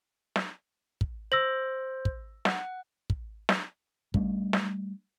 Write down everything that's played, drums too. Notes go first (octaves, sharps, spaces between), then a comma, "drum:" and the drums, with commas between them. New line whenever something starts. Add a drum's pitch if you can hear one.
drum: snare
drum: kick
C5 E6 A#6 F#7
drum: kick
F#5, drum: snare
drum: kick
drum: snare
G3 A3 C#4 D4, drum: kick
drum: snare